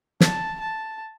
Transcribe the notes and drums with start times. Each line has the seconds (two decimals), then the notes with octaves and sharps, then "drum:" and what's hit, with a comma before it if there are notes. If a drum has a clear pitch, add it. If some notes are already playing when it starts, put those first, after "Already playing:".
0.21 A5, drum: snare
0.60 A5